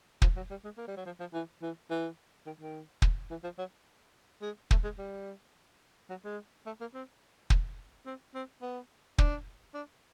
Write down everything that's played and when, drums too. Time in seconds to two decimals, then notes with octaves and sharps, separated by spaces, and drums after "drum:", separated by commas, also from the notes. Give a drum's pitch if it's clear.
0.22 F3, drum: kick
0.36 F#3
0.50 G3
0.64 G#3
0.78 A#3
0.87 G3
0.97 F#3
1.06 F3
1.20 F3
1.33 E3
1.62 E3
1.90 E3
2.46 D#3
2.61 D#3
3.02 drum: kick
3.30 E3
3.44 F3
3.58 F#3
4.42 G#3
4.71 A3, drum: kick
4.84 G#3
4.98 G3
6.10 F#3
6.24 G#3
6.66 A3
6.80 A#3
6.94 C4
7.50 drum: kick
8.06 C4
8.34 C4
8.62 B3
9.18 D4, drum: kick
9.74 D4